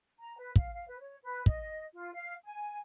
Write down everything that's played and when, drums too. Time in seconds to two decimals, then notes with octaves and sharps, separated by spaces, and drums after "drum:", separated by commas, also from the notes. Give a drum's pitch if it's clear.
0.19 A#5
0.37 B4
0.56 F5, drum: kick
0.74 F5
0.88 B4
0.99 C#5
1.23 B4
1.46 D#5, drum: kick
1.94 F4
2.13 F5
2.44 G#5